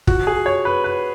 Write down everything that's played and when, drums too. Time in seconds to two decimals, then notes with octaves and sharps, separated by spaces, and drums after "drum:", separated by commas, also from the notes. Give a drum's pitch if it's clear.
0.07 F#4, drum: kick
0.27 G#4
0.46 C#5
0.65 B4
0.84 B4